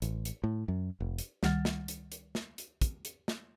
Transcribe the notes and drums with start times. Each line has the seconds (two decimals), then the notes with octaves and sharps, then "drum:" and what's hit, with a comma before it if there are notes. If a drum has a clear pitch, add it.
0.02 A1, drum: hi-hat
0.25 drum: hi-hat
0.44 A2
0.68 F#2
1.00 F1
1.18 drum: hi-hat
1.43 C#2 D#3 G3 F#5 F6 A6, drum: snare
1.65 drum: snare
1.88 drum: hi-hat
2.12 drum: hi-hat
2.35 drum: snare
2.58 drum: hi-hat
2.81 drum: kick, hi-hat
3.05 drum: hi-hat
3.28 drum: snare